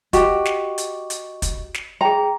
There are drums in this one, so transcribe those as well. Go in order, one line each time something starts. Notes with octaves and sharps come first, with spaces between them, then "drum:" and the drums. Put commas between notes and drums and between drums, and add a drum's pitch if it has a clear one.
F#4 G4 D#5 C#6, drum: kick, hi-hat
drum: snare
drum: hi-hat
drum: hi-hat
drum: kick, hi-hat
drum: snare
G#4 G5 A#5